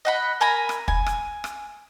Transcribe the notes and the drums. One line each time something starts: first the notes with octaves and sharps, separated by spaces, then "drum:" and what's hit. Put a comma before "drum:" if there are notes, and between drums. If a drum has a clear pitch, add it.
D#5 F#5 B5
A#4 G#5 A#5 B5
drum: rim click
G#5, drum: kick
drum: rim click
drum: rim click